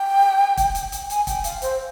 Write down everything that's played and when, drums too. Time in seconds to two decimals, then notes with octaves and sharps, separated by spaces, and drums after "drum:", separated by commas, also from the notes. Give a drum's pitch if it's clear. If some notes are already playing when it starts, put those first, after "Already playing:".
Already playing: G5
0.57 drum: kick, hi-hat
0.75 drum: hi-hat
0.92 drum: hi-hat
1.10 G#5, drum: hi-hat
1.27 G5, drum: kick, hi-hat
1.44 F5, drum: hi-hat
1.62 C5, drum: hi-hat